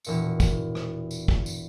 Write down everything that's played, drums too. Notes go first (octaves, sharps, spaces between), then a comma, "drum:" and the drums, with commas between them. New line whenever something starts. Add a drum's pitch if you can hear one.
E1 A#2 C#7, drum: tambourine
drum: kick, tambourine
drum: rim click
drum: tambourine
drum: kick
drum: tambourine